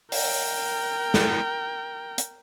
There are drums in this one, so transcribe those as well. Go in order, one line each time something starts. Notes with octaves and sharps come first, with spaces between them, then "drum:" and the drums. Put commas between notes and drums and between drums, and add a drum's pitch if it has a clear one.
A#4 G5, drum: open hi-hat
drum: snare
drum: hi-hat